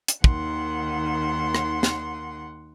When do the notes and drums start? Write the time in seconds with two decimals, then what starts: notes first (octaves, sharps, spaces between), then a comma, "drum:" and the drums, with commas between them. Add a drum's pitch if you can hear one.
0.08 drum: hi-hat
0.24 D#2 D#3 F#5 C6, drum: kick
1.55 drum: rim click
1.83 drum: snare